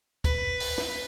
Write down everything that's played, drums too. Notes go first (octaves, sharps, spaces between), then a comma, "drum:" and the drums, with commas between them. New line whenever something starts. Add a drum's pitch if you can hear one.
B4, drum: kick, hi-hat
drum: open hi-hat
drum: snare